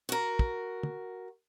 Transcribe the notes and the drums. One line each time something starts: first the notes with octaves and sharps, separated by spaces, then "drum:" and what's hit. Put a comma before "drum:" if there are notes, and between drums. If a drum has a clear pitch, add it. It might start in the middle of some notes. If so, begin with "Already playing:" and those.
F#4 A#4
drum: kick
drum: tom